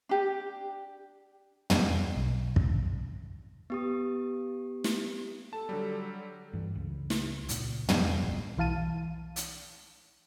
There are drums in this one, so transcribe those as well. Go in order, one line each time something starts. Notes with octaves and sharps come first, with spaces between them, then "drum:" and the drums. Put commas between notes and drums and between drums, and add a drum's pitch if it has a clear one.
D4 G4
drum: tom
B1
drum: kick
B3 G4 D#6
drum: snare
A4 A5
D3 F#3 G3
G2 E3
C#2
drum: snare
C#2 A#2, drum: hi-hat
F2 F3, drum: tom
D1 A1 A#2
B1 E3 F5 A5 D#7
drum: hi-hat